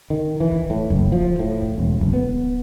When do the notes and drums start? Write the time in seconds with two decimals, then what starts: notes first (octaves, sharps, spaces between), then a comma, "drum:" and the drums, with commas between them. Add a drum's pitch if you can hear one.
0.10 D#3
0.40 E3
0.52 drum: kick D1
0.70 A2
0.90 F#1, drum: kick D1
1.12 F3
1.39 A2
1.62 drum: kick D1
1.78 E1
2.01 F#1, drum: kick D1
2.13 B3